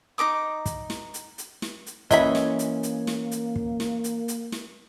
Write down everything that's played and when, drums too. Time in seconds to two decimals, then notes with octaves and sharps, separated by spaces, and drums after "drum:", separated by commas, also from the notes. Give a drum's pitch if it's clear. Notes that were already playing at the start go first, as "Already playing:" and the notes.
0.18 D#4 A#4 D6 D#6
0.66 drum: kick, hi-hat
0.90 drum: snare
1.14 drum: hi-hat
1.38 drum: hi-hat
1.62 drum: snare
1.86 drum: hi-hat
2.11 E3 A#3 C#4 D#5 E5 B5, drum: kick, hi-hat
2.35 drum: snare
2.59 drum: hi-hat
2.83 drum: hi-hat
3.07 drum: snare
3.31 drum: hi-hat
3.56 drum: kick
3.80 drum: snare
4.04 drum: hi-hat
4.28 drum: hi-hat
4.52 drum: snare